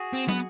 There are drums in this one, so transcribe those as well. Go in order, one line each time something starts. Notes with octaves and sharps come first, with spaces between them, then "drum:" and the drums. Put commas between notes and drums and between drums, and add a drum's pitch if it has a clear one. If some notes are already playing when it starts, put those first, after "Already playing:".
Already playing: F#4 G#4
C4
B3, drum: tom